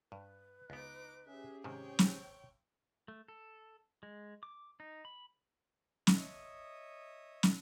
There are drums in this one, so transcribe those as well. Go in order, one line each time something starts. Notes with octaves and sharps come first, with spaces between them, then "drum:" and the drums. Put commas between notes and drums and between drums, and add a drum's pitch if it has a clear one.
G2 B4
C#2 B3 D#4 D6
C#4 G4 G#4 E5
G#2 C3 D#3 C5 C#5 G5
drum: snare
A3
A4
G#3
D6
D#4
B5
drum: snare
C#5 D#5 E5 D#6
drum: snare